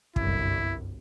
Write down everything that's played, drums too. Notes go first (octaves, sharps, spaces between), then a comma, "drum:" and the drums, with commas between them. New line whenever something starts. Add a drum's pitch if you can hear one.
G1 C2 F#2 E4, drum: kick